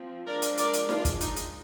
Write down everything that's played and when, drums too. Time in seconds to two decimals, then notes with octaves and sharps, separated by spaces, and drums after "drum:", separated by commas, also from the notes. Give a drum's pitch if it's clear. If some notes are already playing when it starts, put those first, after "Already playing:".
Already playing: F3 C4
0.26 F3 G#3 D4 A#4 D5
0.42 drum: hi-hat
0.57 A#4 D5, drum: hi-hat
0.73 drum: hi-hat
0.89 D4 F4, drum: snare D#4
1.05 drum: kick, hi-hat
1.21 D#4, drum: hi-hat
1.36 drum: hi-hat